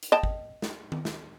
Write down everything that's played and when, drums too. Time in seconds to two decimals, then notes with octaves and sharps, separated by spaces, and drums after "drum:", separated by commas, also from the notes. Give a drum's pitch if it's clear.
0.03 drum: hi-hat
0.12 D#5 G5 A5
0.23 drum: kick
0.62 drum: snare
0.92 drum: tom D#3
1.05 drum: snare